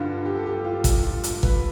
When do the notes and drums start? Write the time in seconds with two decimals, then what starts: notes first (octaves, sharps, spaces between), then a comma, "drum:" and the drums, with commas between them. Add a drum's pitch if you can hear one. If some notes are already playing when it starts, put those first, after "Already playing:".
Already playing: G2 D3 G3 F4
0.25 G4
0.35 A4
0.46 G4
0.64 F4
0.84 drum: kick, hi-hat
1.04 F4
1.24 drum: hi-hat
1.43 B4, drum: kick